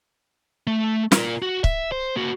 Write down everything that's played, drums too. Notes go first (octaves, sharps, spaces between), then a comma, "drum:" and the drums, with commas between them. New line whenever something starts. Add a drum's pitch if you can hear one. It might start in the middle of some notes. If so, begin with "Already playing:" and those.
A3
F4 A#4, drum: snare
F#4
E5, drum: kick C#1
C5
A#3 F#4